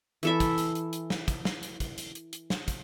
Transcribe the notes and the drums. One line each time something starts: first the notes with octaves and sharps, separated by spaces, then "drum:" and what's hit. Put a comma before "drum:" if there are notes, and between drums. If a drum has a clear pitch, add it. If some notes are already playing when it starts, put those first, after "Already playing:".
E3 A4 E5, drum: hi-hat
drum: kick, hi-hat
drum: hi-hat
drum: hi-hat
drum: hi-hat
drum: snare
drum: kick, hi-hat
drum: snare
drum: hi-hat
drum: kick, hi-hat
drum: hi-hat
drum: hi-hat
drum: hi-hat
drum: snare
drum: kick, hi-hat